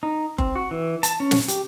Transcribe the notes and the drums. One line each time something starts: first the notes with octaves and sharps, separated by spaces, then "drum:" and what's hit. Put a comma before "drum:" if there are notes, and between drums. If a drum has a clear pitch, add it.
D#4
C4, drum: kick F#1
F#4
E3
A5, drum: hi-hat
C#4
drum: snare
G4, drum: hi-hat